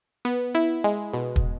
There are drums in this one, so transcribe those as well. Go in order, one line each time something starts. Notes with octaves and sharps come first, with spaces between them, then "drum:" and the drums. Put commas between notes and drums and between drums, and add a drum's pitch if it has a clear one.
B3
E4
G#3
B2
drum: kick